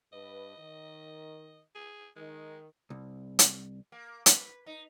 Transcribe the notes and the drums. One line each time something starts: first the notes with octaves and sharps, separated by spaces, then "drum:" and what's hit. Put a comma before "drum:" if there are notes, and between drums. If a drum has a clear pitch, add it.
G2 B4 D#5
D#3
G#4
D#3 G#3
C2
drum: hi-hat
A#3
B4, drum: hi-hat
D#4